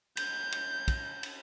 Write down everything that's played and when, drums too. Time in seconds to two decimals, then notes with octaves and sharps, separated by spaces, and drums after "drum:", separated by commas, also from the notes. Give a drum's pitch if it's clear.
0.17 G6, drum: cymbal
0.52 drum: cymbal
0.88 drum: kick, cymbal
1.23 drum: cymbal